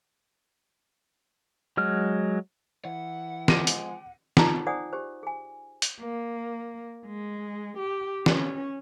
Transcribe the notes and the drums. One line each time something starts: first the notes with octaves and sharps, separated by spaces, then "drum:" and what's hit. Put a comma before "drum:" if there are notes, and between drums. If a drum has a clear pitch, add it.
F#3 G#3 F6
E3 F#5
F3 G#3 D6 A#6 D#7, drum: snare
drum: hi-hat
D#4 F4 A#5, drum: snare
G#4 C5 D5 F#5 G#5 D#6
G4 G#4 C5
G#4 G#5
drum: hi-hat
A#3
G#3
G4
C#4, drum: snare